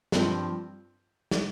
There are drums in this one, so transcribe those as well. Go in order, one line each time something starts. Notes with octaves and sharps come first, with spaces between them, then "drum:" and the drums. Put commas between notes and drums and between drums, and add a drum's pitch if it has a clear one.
G2 F3 C4, drum: snare
drum: snare